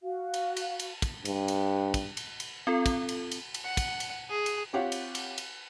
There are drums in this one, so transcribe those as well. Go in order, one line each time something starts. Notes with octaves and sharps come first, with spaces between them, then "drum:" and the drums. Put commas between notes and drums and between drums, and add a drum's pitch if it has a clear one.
F#4 F5
drum: cymbal
drum: cymbal
drum: cymbal
drum: kick, cymbal
G2, drum: cymbal
drum: cymbal
drum: kick, cymbal
drum: cymbal
drum: cymbal
C4 F4 A4
drum: kick, cymbal
drum: cymbal
drum: cymbal
drum: cymbal
F#5
drum: kick, cymbal
drum: cymbal
G#4
drum: cymbal
C4 F4 G4 C#5 F5 F#5
drum: cymbal
drum: cymbal
drum: cymbal